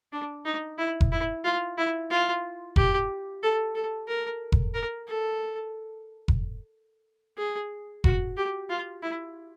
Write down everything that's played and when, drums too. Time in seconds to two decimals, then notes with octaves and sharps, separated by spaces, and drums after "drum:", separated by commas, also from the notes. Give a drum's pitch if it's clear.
0.12 D4
0.45 D#4
0.78 E4
1.01 drum: kick F1
1.12 E4
1.44 F4
1.78 E4
2.10 F4
2.76 G4, drum: kick F1
3.43 A4
3.75 A4
4.08 A#4
4.52 drum: kick F1
4.74 A#4
5.07 A4
6.28 drum: kick F1
7.38 G#4
8.04 F#4, drum: kick F1
8.37 G4
8.69 F4
9.02 E4